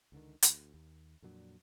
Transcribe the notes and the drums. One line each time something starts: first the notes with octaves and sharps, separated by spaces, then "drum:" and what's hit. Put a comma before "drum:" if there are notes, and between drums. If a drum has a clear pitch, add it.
C#2 D3 D#3
D2, drum: hi-hat
D#2
F2 A#2 F#3 D4